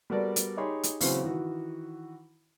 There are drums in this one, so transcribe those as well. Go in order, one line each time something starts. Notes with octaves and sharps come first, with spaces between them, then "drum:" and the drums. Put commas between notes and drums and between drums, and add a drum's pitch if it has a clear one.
G3 B3 F#4 A4 A#4 D5
drum: hi-hat
D#4 G4 G#4 C#5 B5 C6
drum: hi-hat
C#3 E3 F#3 C4 C#4, drum: open hi-hat
D#3 E3 F#4